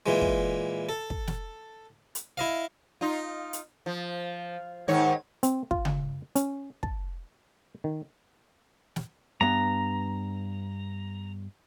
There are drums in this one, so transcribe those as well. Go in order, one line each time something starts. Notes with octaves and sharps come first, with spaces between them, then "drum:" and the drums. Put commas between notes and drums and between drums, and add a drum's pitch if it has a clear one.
A#2 E3 G#3
drum: kick
A4
drum: kick
drum: snare
drum: hi-hat
E4 D#5 F5
D#4 F4
drum: hi-hat
F3
G#2 D#3 C#5
C4, drum: hi-hat
F4, drum: kick
drum: tom C#3
C#4, drum: hi-hat
A5, drum: kick
D#3
drum: snare
G2 B3 A#5